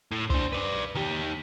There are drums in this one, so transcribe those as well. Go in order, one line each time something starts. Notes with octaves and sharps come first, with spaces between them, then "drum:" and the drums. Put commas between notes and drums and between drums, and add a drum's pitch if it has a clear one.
A2
D4 C5, drum: kick C2
B4 D5
D#3 G4